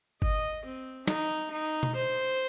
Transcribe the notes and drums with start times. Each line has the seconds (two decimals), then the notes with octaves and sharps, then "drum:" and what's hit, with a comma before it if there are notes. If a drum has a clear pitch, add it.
0.22 D#5, drum: kick G1
0.65 C4
1.07 D#4, drum: snare
1.51 D#4
1.83 drum: tom B2
1.95 C5